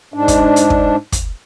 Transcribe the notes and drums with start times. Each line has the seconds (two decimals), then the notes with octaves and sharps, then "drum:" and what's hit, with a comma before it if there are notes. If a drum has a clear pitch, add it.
0.14 G#2 D4
0.28 drum: kick, hi-hat
0.56 drum: hi-hat
0.70 drum: kick
1.12 drum: kick, hi-hat